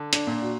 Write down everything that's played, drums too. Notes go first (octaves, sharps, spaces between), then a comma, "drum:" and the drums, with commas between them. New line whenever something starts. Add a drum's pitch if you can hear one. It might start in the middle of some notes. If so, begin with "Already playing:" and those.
Already playing: D3
D4, drum: hi-hat
A#2
F#4